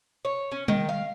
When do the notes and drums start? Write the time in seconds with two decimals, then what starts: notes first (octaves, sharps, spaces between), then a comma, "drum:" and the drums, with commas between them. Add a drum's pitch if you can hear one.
0.25 C#5
0.52 C#4
0.68 D#3, drum: tom G3
0.89 F5